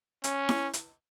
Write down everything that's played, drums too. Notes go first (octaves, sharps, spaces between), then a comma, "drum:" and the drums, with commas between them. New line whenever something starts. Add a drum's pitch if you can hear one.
C#4, drum: hi-hat
drum: snare E4
drum: hi-hat